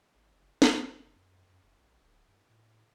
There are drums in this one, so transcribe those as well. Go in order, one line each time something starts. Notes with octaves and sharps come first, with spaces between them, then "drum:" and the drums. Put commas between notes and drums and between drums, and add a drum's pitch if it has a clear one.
G#1
F#1
C#2, drum: snare
F#1
F#2
F#2
F1
A#1
D1
G2
A2